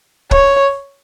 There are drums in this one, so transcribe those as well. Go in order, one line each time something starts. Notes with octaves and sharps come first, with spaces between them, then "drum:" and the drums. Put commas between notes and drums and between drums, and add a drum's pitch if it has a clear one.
C#5, drum: kick